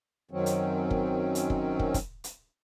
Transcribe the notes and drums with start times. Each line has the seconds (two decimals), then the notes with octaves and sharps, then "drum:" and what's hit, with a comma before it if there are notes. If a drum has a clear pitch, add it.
0.31 F#2 D#3 F#3 C4 C#4
0.46 drum: hi-hat
0.90 drum: kick
1.35 drum: hi-hat
1.50 drum: kick
1.79 drum: kick
1.94 drum: kick, hi-hat
2.24 drum: hi-hat